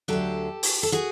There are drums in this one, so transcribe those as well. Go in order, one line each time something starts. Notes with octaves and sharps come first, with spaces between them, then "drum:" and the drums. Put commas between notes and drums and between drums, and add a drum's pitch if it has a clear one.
D2 D3 F#3 G4 A4
drum: open hi-hat
A4
F#4 G#4